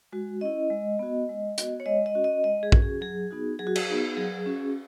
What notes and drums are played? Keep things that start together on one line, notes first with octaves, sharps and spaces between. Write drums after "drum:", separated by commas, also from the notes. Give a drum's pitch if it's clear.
G#3 F#4
C#4 E4 D#5
G#3
B3 F#4
G#3
B3 F#4, drum: hi-hat
C#5
G#3 D#5
D#5
C#4 F#4
D#5
G#3 D#5
G#4
C#4 F#4, drum: kick
G#4
F#3 G#4
B3 D#4 F#4
F#3 G#4
F#4
G#4, drum: cymbal
B3 D#4 F#4
F#3 G#4
C#4 F#4